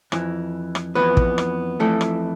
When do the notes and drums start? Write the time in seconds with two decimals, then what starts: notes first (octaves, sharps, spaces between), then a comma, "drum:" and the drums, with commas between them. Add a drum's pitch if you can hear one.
0.12 F2 E3, drum: rim click
0.75 drum: rim click
0.95 F2 C3 E3 B3 B4
1.17 drum: kick
1.38 drum: rim click
1.80 F2 E3 A3 A4
2.01 drum: rim click